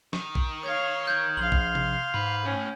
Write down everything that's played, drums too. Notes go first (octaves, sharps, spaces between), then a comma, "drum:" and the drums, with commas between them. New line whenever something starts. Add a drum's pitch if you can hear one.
D#3, drum: snare
drum: kick
C#5 F5 D#6 G#6
F6 G6 G#6
A#1 F5 C6 F#7
drum: kick
drum: tom C3
G#2 B4
A2 C#4